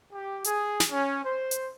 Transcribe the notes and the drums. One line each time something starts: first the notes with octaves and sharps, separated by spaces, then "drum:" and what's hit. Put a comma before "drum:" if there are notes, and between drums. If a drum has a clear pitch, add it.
G4
G#4, drum: hi-hat
drum: snare
C#4
C5
drum: hi-hat